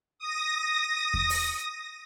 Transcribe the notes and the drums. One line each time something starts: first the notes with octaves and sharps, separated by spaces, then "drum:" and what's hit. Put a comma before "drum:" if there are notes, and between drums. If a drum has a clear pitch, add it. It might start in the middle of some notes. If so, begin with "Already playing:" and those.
D#6 A#6
drum: kick E2
drum: open hi-hat